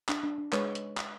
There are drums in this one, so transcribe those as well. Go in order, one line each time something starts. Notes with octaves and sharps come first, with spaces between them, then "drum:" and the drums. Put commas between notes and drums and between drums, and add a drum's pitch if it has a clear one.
D4, drum: clap
D4
D4
G#3 B4 C#5, drum: clap
drum: hi-hat
drum: clap